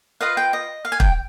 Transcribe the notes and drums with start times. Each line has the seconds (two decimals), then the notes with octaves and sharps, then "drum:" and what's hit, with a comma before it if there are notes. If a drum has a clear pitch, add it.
0.21 F4 B4 D#5 F5
0.37 G5
0.53 D#5
0.85 F5
0.92 G#5
1.00 G5, drum: kick